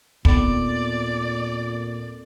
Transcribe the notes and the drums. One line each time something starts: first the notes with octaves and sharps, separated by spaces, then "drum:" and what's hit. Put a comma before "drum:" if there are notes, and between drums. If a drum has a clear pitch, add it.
D#2 A#2 B3 C4 A4 D5, drum: kick